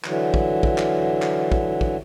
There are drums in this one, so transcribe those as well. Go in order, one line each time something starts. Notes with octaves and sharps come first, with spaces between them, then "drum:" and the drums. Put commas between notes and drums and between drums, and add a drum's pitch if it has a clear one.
D3 E3 F#3, drum: clap
drum: kick
drum: kick
drum: clap
drum: clap
drum: kick
drum: kick